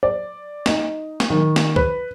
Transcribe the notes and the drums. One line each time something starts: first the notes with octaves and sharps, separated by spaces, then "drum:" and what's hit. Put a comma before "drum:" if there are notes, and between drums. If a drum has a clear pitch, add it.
D5
D#4, drum: snare
drum: snare
D#3
drum: snare
B4, drum: kick